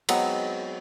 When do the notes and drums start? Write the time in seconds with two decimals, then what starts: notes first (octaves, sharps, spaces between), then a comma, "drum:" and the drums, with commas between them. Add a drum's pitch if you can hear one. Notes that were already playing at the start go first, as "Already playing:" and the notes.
0.09 F#3 G#3 B3 C4, drum: cymbal